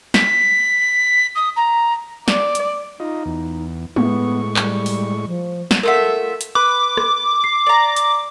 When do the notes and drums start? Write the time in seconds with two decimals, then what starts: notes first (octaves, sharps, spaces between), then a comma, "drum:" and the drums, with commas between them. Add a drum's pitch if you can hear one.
0.14 B6, drum: snare
1.35 D#6
1.56 A#5
2.28 D5, drum: snare
2.55 drum: hi-hat
3.00 D#4 F4 D#5
3.26 E2
3.96 A2 G#3 B3 C#6, drum: tom G#3
4.56 G3, drum: clap
4.86 drum: open hi-hat
5.26 F3
5.71 drum: snare
5.83 A3 F4 A#4 E5 F#5
6.41 drum: hi-hat
6.55 B4 B5 D6
6.97 drum: rim click
7.44 C7
7.66 D5 A#5
7.96 drum: hi-hat